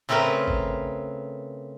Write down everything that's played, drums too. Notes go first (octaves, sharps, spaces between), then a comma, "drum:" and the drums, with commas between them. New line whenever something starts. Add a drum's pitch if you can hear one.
C#3 A3 C4 A#4 B4
drum: kick G#1